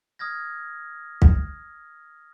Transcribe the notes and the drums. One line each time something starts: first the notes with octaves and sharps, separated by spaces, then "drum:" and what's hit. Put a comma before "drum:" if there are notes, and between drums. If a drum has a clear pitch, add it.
D#6 F6 G#6 A#6
drum: kick